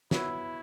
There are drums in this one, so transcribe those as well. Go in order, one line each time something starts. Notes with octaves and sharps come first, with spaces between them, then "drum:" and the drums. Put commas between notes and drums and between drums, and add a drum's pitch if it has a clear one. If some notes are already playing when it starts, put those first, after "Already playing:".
B3 E4 F#4 C#5 E5, drum: snare